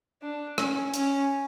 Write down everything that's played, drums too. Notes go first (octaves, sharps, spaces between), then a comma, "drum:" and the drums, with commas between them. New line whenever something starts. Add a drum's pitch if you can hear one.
D4
C#4, drum: rim click
C#4, drum: hi-hat